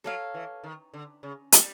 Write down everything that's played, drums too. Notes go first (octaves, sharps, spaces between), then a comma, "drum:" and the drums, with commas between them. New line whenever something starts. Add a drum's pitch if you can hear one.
F#3 A4 C#5 F5
E3
D#3
D3
C#3
G3, drum: hi-hat